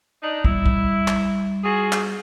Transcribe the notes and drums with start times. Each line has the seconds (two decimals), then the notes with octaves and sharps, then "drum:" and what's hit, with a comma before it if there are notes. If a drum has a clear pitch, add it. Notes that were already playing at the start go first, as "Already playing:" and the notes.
0.23 D4 D#4
0.45 G3 E4, drum: kick
0.66 drum: kick
1.08 drum: clap
1.64 F4 F#4 G#4
1.92 drum: clap